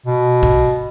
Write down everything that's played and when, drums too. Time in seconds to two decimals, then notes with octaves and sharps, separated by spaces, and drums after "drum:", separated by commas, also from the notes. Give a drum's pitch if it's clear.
0.06 B2
0.43 drum: kick